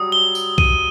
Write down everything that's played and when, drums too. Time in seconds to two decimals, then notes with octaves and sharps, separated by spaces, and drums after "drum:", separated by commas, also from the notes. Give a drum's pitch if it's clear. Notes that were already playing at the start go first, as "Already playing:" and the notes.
Already playing: F#3 G3 D#6
0.12 G7
0.35 G7, drum: tambourine
0.58 D#7, drum: kick B1